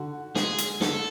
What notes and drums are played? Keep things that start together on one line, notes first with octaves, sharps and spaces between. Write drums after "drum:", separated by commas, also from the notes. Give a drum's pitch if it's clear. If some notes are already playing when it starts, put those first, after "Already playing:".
Already playing: D3 F#4
G#3 G#4, drum: snare
drum: hi-hat
D3 A4, drum: snare